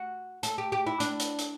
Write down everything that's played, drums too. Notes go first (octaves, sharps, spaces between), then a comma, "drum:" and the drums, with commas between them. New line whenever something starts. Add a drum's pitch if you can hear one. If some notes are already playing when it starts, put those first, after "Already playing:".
Already playing: F#4
A4, drum: hi-hat
G4
G4
E4
D4, drum: hi-hat
drum: hi-hat
drum: hi-hat